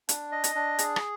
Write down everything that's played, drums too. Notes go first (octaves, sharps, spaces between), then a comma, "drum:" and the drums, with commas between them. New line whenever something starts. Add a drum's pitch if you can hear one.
D4, drum: hi-hat
D#5
drum: hi-hat
D4
G#4, drum: hi-hat
drum: rim click